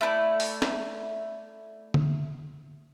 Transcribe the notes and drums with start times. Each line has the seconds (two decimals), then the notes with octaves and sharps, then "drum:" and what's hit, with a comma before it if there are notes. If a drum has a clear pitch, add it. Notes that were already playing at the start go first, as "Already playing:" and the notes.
0.01 A3 E4 B4 D5
0.40 drum: open hi-hat
0.62 drum: snare
1.94 drum: tom D3